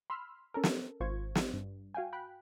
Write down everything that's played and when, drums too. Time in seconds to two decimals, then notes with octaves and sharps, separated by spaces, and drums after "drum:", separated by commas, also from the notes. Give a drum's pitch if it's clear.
0.10 B5 C6 E6 F6
0.54 C#4 A4 A#4
0.64 drum: snare
1.00 G#1 F4 C5 C#6 G#6
1.35 drum: snare
1.53 G2
1.94 F#4 F5 G5 G#5
2.13 G5 B5 F#6